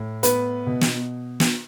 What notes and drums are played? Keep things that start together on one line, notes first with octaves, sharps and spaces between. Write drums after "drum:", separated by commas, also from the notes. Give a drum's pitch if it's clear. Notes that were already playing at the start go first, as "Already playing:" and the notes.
Already playing: A2
B3 B4, drum: hi-hat
B2
drum: snare
drum: snare